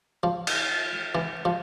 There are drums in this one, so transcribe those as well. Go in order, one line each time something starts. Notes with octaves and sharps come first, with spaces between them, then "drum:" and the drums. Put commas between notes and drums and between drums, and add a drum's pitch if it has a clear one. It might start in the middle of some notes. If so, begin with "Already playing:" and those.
F3
drum: cymbal
E3
F3